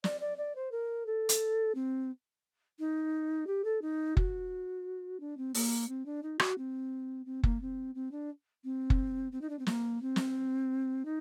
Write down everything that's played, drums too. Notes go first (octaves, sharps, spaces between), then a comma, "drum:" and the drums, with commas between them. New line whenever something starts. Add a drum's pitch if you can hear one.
D5, drum: snare
D5
D5
C5
A#4
A4
drum: hi-hat
C4
D#4
G4
A4
D#4
F#4, drum: kick F#1
D4
C4
A#3, drum: open hi-hat
C4
D4
D#4
F#4, drum: rim click
C4
C4
A#3, drum: kick F#1
C4
C4
D4
C4
drum: kick F#1
C4
D#4
D4
C4
A#3, drum: snare
C4
drum: snare
D#4